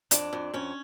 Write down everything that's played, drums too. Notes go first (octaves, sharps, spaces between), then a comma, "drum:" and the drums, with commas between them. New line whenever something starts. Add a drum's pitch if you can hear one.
F2 D4, drum: hi-hat
F2
F2 C#4